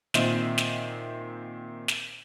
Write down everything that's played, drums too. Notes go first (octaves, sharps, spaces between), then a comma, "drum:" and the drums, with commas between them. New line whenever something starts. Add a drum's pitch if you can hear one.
A#2 D#3 C4 C5 D#5 E5, drum: snare
drum: snare
drum: snare